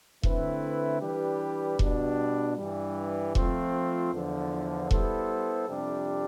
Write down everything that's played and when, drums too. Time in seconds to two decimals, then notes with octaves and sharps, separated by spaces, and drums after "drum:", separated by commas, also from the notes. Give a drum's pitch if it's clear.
0.23 D3 A3 C4 E4 B4, drum: kick E1
1.01 E3 G3 D4 G4 B4
1.79 B2 G3 D4, drum: kick E1
2.57 G2 E3 G3
3.35 F3 A3 C4 F4, drum: kick E1
4.13 E2 D3 F3
4.91 G3 B3 E4 A4 C5, drum: kick E1
5.69 F2 C3 G3 D4 G4